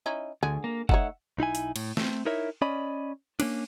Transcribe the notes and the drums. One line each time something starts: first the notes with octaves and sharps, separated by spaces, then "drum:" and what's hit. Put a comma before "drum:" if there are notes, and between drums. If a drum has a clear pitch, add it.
C#4 D#4 E4
D2 D3 G#4
A#3
A3 D#4 C#5 E5 F#5, drum: kick F#1
B1 D#4 E4 G#5
drum: hi-hat
A2, drum: cymbal
A3 C4, drum: snare
D#4 E4 A#4 C#5 E5
C#4 D5 D#5 B5
A#3 C#4 D4, drum: cymbal